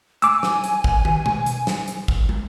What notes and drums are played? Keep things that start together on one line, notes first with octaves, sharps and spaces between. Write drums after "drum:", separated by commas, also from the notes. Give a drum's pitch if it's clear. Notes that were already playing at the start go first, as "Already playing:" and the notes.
G#5 D6 E6, drum: hi-hat
drum: snare
drum: hi-hat
drum: kick G#1
drum: tom
drum: tom B2
drum: hi-hat
drum: snare
drum: hi-hat
drum: kick G#1
drum: tom